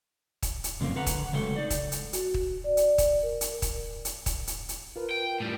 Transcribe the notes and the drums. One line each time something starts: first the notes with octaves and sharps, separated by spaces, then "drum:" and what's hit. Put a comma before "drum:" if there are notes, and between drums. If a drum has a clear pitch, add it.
drum: kick, hi-hat
drum: hi-hat
F#2 C#3 F3 A#3 C4
D3 B4 F#5 A#5
drum: kick, hi-hat
C#3 F#3 G#3 A3 A4 G5
D#4 D5
drum: kick, hi-hat
drum: hi-hat
F#4, drum: hi-hat
drum: kick
D5
drum: hi-hat
drum: kick, hi-hat
A#4
drum: hi-hat
drum: kick, hi-hat
drum: hi-hat
drum: kick, hi-hat
drum: hi-hat
drum: hi-hat
F4 A#4 B4
G5
A2 G3